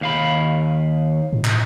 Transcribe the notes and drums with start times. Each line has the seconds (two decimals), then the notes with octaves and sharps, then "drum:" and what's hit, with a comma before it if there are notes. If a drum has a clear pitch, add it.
0.01 D#2 F5 B5
1.33 A2
1.45 drum: clap